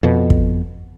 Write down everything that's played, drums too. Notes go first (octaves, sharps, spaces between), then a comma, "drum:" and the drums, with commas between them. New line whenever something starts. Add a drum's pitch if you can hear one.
F2 B2
drum: kick